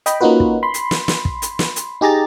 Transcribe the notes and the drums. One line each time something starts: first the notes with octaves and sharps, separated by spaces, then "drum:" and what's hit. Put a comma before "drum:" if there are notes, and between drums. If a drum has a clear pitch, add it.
D#5 G5 B5, drum: hi-hat
A#3 C#4 D#4 F4 F#4 B4
drum: kick
B5 C6
drum: hi-hat
drum: snare
drum: snare
drum: kick
drum: hi-hat
drum: snare
drum: hi-hat
D#4 G4 G#4 A#5 A6